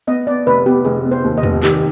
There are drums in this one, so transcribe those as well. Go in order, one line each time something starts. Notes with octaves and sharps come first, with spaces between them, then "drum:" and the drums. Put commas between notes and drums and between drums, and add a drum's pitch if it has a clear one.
B3 D#5
B3 D5
F1 B4
B3 G4
F1 G#4
B3
C5
D#2
D#5
F1, drum: tom E2
D#3 G4, drum: clap